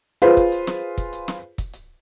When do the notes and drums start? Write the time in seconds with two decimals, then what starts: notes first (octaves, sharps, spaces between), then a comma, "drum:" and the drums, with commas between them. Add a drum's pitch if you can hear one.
0.22 F4 G#4 B4 C5
0.37 drum: kick, hi-hat
0.52 drum: hi-hat
0.67 drum: snare
0.98 drum: kick, hi-hat
1.13 drum: hi-hat
1.28 drum: snare
1.58 drum: kick, hi-hat
1.73 drum: hi-hat